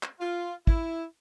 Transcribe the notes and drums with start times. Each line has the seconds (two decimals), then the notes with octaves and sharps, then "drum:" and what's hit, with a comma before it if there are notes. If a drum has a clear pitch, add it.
0.03 drum: clap
0.20 F4
0.67 E4, drum: kick